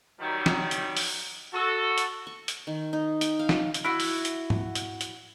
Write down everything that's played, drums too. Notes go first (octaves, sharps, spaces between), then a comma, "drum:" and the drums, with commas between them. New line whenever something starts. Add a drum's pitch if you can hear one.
D#3 F#3 G3
drum: snare
drum: hi-hat
drum: open hi-hat
F#4 A4
drum: hi-hat
C#6
drum: hi-hat
D#3
D#4
G5, drum: hi-hat
F5
drum: snare
drum: hi-hat
E4 F#4
drum: open hi-hat
drum: hi-hat
drum: tom G#2
drum: hi-hat
drum: hi-hat